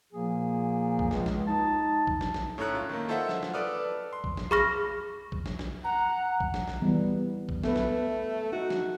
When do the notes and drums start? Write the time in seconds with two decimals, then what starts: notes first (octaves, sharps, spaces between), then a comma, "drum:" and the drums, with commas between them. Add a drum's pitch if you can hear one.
0.13 A#2 F3 A#3 G#4
0.99 drum: kick
1.11 C#2, drum: snare
1.26 drum: snare
1.48 D#4 A5
2.07 drum: kick
2.21 drum: snare
2.34 drum: snare
2.58 A2 C#4 A4 C#5 A#5 F#6
2.75 F4
2.89 D#3 A3 A#3
3.09 F4 A4 C5 D#5 E5 F#5
3.29 drum: snare
3.43 drum: snare
3.54 A4 B4 D5 D6 D#6 F6
4.13 C6
4.24 drum: kick
4.37 drum: snare
4.51 G#4 B5 C#6 F6 A#6, drum: snare
5.32 drum: kick
5.46 drum: snare
5.59 drum: snare
5.84 F#5 A#5
6.40 drum: kick
6.54 drum: snare
6.67 drum: snare
6.82 E3 G3 B3
7.49 drum: kick
7.64 A3 B3 B4, drum: snare
7.76 drum: snare
8.52 D#4 F#4
8.70 drum: snare